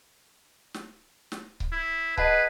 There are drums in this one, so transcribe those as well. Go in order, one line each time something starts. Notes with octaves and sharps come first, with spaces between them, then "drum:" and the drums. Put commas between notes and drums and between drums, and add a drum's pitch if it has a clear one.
drum: snare
drum: snare
drum: kick C#1
E4
G#4 B4 D#5 F#5 A5, drum: kick C#1